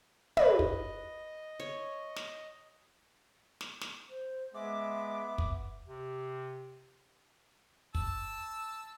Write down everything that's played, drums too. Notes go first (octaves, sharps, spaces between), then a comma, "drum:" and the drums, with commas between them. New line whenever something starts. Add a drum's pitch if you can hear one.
B4 D#5, drum: tom
drum: kick
C#5
drum: snare
drum: snare
drum: snare
C5
G#3 B3 E5 D6
drum: kick
C3
A5 E6, drum: kick